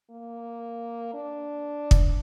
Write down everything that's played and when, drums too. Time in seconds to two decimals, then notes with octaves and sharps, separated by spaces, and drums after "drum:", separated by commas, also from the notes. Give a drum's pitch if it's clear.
0.11 A#3
1.14 D4
1.91 drum: kick